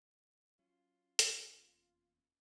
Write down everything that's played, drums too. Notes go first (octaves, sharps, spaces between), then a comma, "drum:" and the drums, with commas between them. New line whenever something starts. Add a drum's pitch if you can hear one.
F#3 C#4 F4
F1 E2 A#2, drum: hi-hat